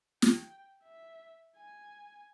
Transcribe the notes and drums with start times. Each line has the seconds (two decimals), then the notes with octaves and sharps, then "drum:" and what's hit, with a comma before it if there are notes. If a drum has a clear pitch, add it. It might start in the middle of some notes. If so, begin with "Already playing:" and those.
0.22 G5, drum: snare
0.84 E5
1.57 G#5